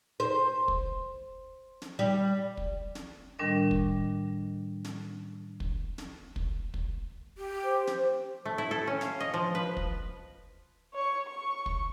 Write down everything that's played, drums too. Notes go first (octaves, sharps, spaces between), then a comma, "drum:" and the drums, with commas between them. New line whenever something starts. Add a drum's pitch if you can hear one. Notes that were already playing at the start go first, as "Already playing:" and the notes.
C5
drum: kick
drum: snare
G3
drum: kick
drum: snare
A2 D#3 G3 D4 A#4 D#5
drum: kick
drum: snare
drum: kick
drum: snare
drum: kick
drum: kick
G4
C5
drum: snare
A3
E4
A4
C#4
F5, drum: snare
D#5
F3
B4
drum: kick
C#5 C#6
C#6
drum: kick